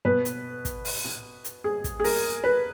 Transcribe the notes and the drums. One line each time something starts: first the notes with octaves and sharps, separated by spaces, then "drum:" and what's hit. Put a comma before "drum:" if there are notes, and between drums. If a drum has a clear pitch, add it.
B2 B4
drum: hi-hat
drum: kick, hi-hat
drum: open hi-hat
drum: tom A2
drum: hi-hat
G#4
drum: kick, hi-hat
G#4
A#4, drum: open hi-hat
B4